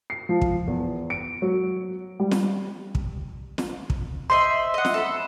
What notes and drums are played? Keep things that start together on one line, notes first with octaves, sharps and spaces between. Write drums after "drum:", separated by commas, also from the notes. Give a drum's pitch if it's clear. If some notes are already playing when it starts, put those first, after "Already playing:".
C7
F3
drum: kick
E2
D7
F#3
G3
drum: snare
drum: kick
drum: snare
drum: kick
C5 D#5 E5 C6 C7
D#5 F#5
drum: snare
A4 B5